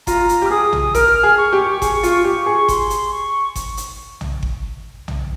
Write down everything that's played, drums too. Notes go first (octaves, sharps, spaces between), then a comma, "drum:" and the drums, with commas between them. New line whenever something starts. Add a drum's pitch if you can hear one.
F4 A#5, drum: kick G1, hi-hat
drum: hi-hat
G4
F6
G#4 D#6
drum: tom B1
A#4 F6, drum: kick G1, hi-hat
G#4
C#6
G4
G#4, drum: kick G1, hi-hat
F4, drum: hi-hat
G4
G#4
C6, drum: kick G1, hi-hat
drum: hi-hat
C#6
drum: kick G1, hi-hat
drum: hi-hat
drum: tom B1
drum: kick G1
drum: tom B1